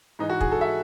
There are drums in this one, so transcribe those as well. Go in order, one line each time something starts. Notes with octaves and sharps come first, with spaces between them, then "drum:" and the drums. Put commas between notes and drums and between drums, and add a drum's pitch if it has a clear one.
G#2 E3 D#4
F#4
G#4, drum: kick
A4
E5